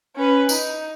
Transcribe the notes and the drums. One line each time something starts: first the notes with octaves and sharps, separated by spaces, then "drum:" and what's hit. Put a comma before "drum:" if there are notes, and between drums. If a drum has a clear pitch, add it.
C#4 B4
D#4, drum: tambourine